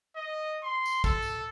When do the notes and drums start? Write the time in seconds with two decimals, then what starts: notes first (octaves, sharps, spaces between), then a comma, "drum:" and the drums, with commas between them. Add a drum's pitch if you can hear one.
0.16 D#5
0.63 C6
0.86 drum: tambourine
1.04 A4, drum: kick, tambourine
1.22 drum: tambourine